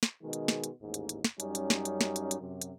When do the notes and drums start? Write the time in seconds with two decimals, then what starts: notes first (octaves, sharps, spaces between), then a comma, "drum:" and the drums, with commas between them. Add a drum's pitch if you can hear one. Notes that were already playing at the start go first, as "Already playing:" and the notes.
0.03 drum: snare
0.23 B2 D#3 G#3
0.33 drum: hi-hat
0.48 drum: snare
0.64 drum: hi-hat
0.82 A1 D#2 G#2
0.94 drum: hi-hat
1.09 drum: hi-hat
1.24 drum: snare
1.40 F#2 G3 C#4 D#4, drum: hi-hat
1.55 drum: hi-hat
1.70 drum: snare
1.85 drum: hi-hat
2.01 drum: snare
2.16 drum: hi-hat
2.31 drum: hi-hat
2.40 F#2 C3
2.62 drum: hi-hat